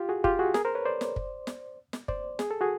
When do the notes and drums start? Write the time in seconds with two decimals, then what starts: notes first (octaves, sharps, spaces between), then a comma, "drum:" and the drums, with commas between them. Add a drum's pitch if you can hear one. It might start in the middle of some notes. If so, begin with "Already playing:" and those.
Already playing: F4 G4
0.09 F#4 G#4
0.24 F4 G4, drum: kick
0.39 F#4 G#4
0.54 G#4 A#4, drum: snare
0.65 A#4 C5
0.75 B4 C#5
0.85 C5 D5
1.01 drum: snare
1.16 drum: kick
1.47 drum: snare
1.93 drum: snare
2.08 C5 D5, drum: kick
2.39 G#4, drum: snare
2.51 A4
2.61 F#4 G#4